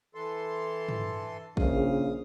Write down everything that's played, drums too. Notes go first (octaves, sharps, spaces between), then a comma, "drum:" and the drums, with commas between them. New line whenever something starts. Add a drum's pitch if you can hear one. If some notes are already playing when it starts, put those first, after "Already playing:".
E3 A4 C6
drum: tom
A#1 C#3 F5 D#6, drum: kick